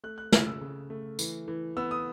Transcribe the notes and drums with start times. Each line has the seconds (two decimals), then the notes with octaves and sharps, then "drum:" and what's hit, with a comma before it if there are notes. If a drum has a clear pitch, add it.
0.04 A3 F#6
0.18 F#6
0.32 C#3 F6, drum: snare
0.47 E6
0.61 C#3
0.90 A3
1.19 E3, drum: tambourine
1.48 E3
1.77 B3 E6
1.91 D#6